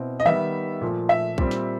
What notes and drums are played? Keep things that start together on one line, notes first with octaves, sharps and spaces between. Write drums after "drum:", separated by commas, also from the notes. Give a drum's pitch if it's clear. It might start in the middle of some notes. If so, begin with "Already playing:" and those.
Already playing: B2 C4 E4
D#5
D#3 G3 B3 E5, drum: tom D#3
A#2 F3 A3
E5
A#2 G3 C4, drum: kick
drum: snare